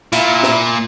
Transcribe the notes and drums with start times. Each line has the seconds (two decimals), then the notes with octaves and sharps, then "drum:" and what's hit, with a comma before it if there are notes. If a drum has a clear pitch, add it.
0.12 A#2 E4, drum: hi-hat
0.43 drum: snare